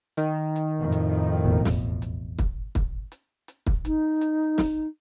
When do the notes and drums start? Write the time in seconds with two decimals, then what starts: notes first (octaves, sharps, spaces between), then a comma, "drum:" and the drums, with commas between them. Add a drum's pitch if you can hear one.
0.17 D#3, drum: hi-hat
0.56 drum: hi-hat
0.80 F2 A2
0.92 drum: hi-hat
1.45 E1 A1 B2
1.65 drum: snare
2.02 drum: hi-hat
2.39 drum: kick, hi-hat
2.75 drum: kick, hi-hat
3.12 drum: hi-hat
3.48 drum: hi-hat
3.66 drum: kick
3.85 D#4, drum: hi-hat
4.21 drum: hi-hat
4.58 drum: snare